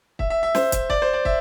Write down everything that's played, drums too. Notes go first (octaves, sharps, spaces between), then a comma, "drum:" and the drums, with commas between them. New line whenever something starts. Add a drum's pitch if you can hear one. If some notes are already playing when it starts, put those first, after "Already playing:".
E5, drum: kick
E5
E5
C5, drum: snare
E5, drum: kick, hi-hat
D5, drum: kick
C5
D5
E5, drum: kick